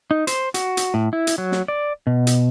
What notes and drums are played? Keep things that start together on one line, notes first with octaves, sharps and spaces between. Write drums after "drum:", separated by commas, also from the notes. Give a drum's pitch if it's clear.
D#4
C5, drum: hi-hat
F#4, drum: hi-hat
drum: hi-hat
A2
E4
drum: hi-hat
F#3
drum: snare
D5
B2
drum: hi-hat